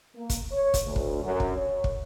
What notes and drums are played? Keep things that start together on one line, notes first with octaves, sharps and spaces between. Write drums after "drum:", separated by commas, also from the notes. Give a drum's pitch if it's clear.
A#3
drum: kick, hi-hat
C#5
drum: kick, hi-hat
D2
drum: kick
F#2
drum: kick
C#5
drum: kick